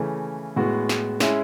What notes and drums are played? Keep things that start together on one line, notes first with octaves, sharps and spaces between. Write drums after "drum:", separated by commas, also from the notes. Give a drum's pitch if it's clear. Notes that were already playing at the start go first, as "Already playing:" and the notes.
Already playing: C#3 E3 A3 C#4
A2 G#3 B3 F#4
drum: snare
G#3 C#4 E4, drum: snare